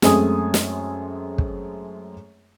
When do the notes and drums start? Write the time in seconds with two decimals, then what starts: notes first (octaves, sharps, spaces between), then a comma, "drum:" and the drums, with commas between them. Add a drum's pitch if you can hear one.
0.02 F#2 G#3 A3 C4 G#5 D#6, drum: snare
0.54 drum: snare
1.38 drum: kick